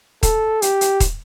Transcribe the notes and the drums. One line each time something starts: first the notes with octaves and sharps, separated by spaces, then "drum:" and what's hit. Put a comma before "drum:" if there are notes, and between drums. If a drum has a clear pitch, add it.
A4, drum: kick D#1, hi-hat
G4, drum: hi-hat
drum: hi-hat
drum: kick D#1, hi-hat